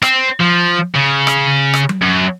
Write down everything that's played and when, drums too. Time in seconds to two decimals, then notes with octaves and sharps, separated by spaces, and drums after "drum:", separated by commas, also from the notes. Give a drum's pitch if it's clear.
0.02 C4, drum: rim click
0.40 F3
0.95 C#3
1.27 drum: rim click
1.74 drum: rim click
1.89 drum: tom F#3
2.02 F#2